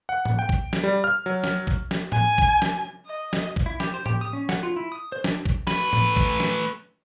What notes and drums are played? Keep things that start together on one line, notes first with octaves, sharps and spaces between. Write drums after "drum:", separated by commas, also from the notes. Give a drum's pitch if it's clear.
F#5
drum: tom A2
G5
drum: kick
drum: snare
G3
F6
F#3
drum: snare
drum: kick
drum: snare
G#5, drum: tom A2
drum: kick
drum: snare
D#5
drum: snare
drum: kick
E4
G4, drum: snare
C5
G4, drum: tom A2
D#6
C#4
F#5, drum: snare
F4
E4
D#6
C5
D4, drum: snare
drum: kick
A3 B4, drum: snare
drum: tom A2
drum: kick
drum: snare